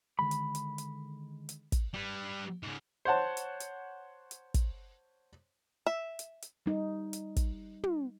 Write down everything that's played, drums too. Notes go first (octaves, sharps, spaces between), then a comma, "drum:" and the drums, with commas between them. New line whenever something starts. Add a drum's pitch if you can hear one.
D3 D#3 G#3 B5
drum: hi-hat
drum: hi-hat
drum: hi-hat
drum: hi-hat
drum: kick, hi-hat
G3 B4
G#2 C#3
C5 C#5 F#5 A5
drum: hi-hat
drum: hi-hat
drum: hi-hat
drum: kick, hi-hat
E5
drum: hi-hat
drum: hi-hat
G3 D#4
drum: hi-hat
drum: kick, hi-hat
drum: tom